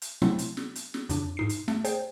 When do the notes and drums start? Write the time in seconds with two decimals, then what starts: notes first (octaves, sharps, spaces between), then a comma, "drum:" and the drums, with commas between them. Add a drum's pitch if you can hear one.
0.02 drum: hi-hat
0.22 C3 F#3 A3 C4 E4, drum: snare
0.39 drum: hi-hat
0.57 drum: snare
0.75 drum: hi-hat
0.94 drum: snare
1.09 F2 C#3 D4, drum: hi-hat
1.37 G#2 D#4 C7
1.49 drum: hi-hat
1.68 A3, drum: snare
1.85 G#4 C5 G5, drum: hi-hat